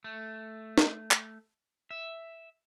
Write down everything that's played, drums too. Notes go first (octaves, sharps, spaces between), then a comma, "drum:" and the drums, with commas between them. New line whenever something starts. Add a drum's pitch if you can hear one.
A3
drum: snare
drum: clap
E5